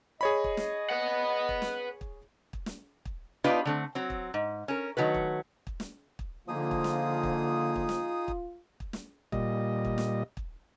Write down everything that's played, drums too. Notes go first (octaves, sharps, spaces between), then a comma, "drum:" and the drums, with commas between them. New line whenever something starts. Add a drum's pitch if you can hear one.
G#4 C#5 D#5 B5
drum: kick
drum: snare
B4 F#5
drum: kick
drum: snare
drum: kick
drum: kick
drum: snare
drum: kick
B3 D4 D#4 F4 G4 B4
D3 A3 C4
F#3 C4
drum: kick
G#2
C#4 A#4
D#3 F#3 A3 B4
drum: kick
drum: kick
drum: snare
drum: kick
D3 F3 A#3 D#4 F4 G#4 D#6
drum: kick
drum: snare
drum: kick
drum: kick
drum: snare
drum: kick
drum: kick
drum: snare
A#2 G3 D#5, drum: kick
drum: kick
drum: snare
drum: kick